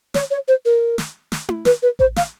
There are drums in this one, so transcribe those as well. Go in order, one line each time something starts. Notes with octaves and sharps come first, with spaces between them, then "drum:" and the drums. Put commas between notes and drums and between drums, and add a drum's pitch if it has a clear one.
C#5, drum: snare
C#5
C5
A#4
drum: snare
drum: snare
drum: tom E4
B4, drum: snare
B4
C5, drum: kick A1
F5, drum: snare